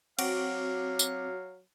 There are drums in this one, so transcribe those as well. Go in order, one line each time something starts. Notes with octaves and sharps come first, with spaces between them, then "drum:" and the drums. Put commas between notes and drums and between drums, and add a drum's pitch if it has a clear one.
F#3 C4 F#4 F5 D6, drum: cymbal
drum: tambourine